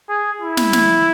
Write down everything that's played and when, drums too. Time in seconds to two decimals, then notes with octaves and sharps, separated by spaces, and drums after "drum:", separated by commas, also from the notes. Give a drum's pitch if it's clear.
0.09 G#4
0.41 E4
0.57 drum: snare
0.73 drum: snare